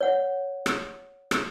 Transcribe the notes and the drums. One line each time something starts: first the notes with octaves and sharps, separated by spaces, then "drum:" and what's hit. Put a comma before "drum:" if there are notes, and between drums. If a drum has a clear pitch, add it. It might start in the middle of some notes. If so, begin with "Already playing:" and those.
C#5 F#5
drum: rim click
drum: rim click